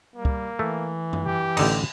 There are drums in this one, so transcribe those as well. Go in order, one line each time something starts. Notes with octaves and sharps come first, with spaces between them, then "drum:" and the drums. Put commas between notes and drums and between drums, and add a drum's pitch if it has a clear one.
G3 A#3
drum: kick
E3 A3
drum: tom F#2
G4
A1 D3 D#4, drum: cymbal